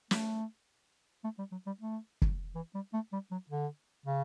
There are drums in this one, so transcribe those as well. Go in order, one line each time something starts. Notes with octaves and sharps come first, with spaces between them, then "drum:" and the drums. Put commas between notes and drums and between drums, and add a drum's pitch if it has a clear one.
A3, drum: snare
A3
G3
F#3
G3
A3
drum: kick
E3
G3
A3
G3
F#3
D3
C#3